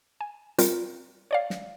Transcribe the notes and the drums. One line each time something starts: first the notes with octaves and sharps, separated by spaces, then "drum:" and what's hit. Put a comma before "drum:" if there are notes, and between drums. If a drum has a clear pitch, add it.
G#5
G3 C4 F4 A#4, drum: hi-hat
C#5 D5 F5
drum: snare